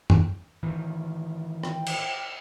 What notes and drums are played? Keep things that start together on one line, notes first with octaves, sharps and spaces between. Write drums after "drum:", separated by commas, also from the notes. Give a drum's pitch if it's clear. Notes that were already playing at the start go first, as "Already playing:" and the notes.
drum: tom F#2
A2 D#3 E3
G5, drum: rim click
drum: cymbal